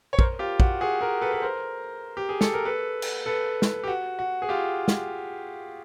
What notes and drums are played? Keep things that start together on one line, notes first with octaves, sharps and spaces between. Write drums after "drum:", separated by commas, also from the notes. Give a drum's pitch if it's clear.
C#5
A#4 C5, drum: kick
F4 G4
F#4, drum: kick
F#4 G#4
G#4 A#4
A4 B4
B4
A#4 C5
G4
G#4
A4, drum: snare
A#4
A4 B4
drum: cymbal
A4 B4
drum: snare
G4
F#4
F#4
G#4
F4 G4
drum: snare